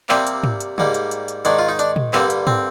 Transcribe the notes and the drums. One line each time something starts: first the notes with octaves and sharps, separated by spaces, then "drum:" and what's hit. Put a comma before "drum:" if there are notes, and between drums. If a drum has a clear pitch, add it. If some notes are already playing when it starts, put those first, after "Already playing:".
C3 G3 A#3 C4, drum: clap
drum: hi-hat
drum: tom
drum: hi-hat
G#2 G3 A#3, drum: tom
drum: hi-hat
drum: hi-hat
drum: hi-hat
G#2 D#3 G#3 D4, drum: hi-hat
F4
D#4
D4, drum: hi-hat
drum: tom
G2 D3 G3 A#3 C4, drum: clap
drum: hi-hat
C4, drum: tom